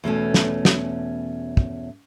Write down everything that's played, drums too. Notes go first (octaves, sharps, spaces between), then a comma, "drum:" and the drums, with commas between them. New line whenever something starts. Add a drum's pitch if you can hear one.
E2 B2 A3 C#4
drum: snare
drum: snare
drum: kick